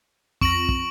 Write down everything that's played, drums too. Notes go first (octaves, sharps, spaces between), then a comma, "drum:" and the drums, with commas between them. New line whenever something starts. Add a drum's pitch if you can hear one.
F2 C#6 A#6 D7 F#7, drum: kick
drum: kick